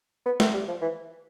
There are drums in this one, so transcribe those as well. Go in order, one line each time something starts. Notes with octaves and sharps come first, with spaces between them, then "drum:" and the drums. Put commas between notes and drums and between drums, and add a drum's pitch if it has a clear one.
B3
A3, drum: snare
G3
F3
E3